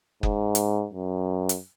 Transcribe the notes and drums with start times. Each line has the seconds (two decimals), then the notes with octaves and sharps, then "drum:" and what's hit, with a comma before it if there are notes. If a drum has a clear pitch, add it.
0.23 G#2, drum: kick F#1
0.55 drum: hi-hat
0.94 F#2
1.49 drum: hi-hat